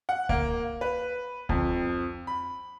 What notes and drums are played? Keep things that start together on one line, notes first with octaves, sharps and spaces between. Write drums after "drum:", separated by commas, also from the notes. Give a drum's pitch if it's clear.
F#5
A#3, drum: kick C#2
B4
F2, drum: kick C#2
B5